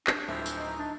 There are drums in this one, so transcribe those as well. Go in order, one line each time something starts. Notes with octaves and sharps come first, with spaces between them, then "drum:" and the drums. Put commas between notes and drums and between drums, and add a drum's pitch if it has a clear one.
D4, drum: clap
D1 F3 G#3 C4 E4 E5
drum: tambourine
D#4
D4